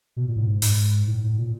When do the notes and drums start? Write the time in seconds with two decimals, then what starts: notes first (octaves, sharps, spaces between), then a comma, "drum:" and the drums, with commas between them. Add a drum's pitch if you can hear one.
0.16 B2
0.28 A#2
0.37 A2
0.47 G#2
0.62 G#2, drum: open hi-hat
1.07 A2
1.23 A2
1.38 A#2